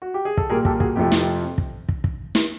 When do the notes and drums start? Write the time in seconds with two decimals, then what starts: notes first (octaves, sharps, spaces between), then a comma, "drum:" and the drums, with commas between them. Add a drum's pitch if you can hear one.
0.02 F#4
0.14 G4
0.25 G#4
0.37 A4, drum: kick
0.50 A#2 G3 A#3 G#4 A#4
0.65 G4 A4, drum: kick
0.80 F#4 G#4, drum: kick
0.96 F2 C3 F3 A3 G4
1.12 drum: snare
1.58 drum: kick
1.89 drum: kick
2.04 drum: kick
2.35 drum: snare